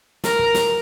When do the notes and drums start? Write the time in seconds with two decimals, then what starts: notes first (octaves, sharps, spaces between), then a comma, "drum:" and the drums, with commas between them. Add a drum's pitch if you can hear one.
0.24 A#4, drum: snare
0.39 drum: kick
0.54 drum: snare